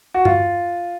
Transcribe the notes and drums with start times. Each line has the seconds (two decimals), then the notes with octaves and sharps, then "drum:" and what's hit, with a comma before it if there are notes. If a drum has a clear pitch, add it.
0.14 F#4
0.25 F4, drum: tom G2